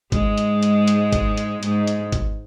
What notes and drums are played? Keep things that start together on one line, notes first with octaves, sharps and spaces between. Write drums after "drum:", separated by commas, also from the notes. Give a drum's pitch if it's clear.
G#2 G#3, drum: kick G#1, hi-hat
drum: hi-hat
drum: hi-hat
drum: hi-hat
drum: kick G#1, hi-hat
drum: hi-hat
G#2 G#3, drum: hi-hat
drum: hi-hat
drum: kick G#1, hi-hat